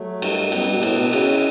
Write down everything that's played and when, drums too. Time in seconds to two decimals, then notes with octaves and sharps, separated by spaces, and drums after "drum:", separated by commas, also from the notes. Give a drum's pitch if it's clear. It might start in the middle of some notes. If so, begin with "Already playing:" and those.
Already playing: F#3 A3
0.22 G2, drum: cymbal
0.52 F#2 G3 B3, drum: cymbal
0.68 G2
0.76 B2
0.83 A2 B3 D4, drum: cymbal
0.98 B2
1.09 F#4
1.13 C#3 C#4 E4, drum: cymbal